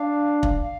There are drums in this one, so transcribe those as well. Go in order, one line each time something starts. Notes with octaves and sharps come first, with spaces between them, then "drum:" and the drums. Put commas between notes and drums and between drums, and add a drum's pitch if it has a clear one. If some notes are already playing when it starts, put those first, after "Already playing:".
Already playing: D4 F5
drum: kick
F5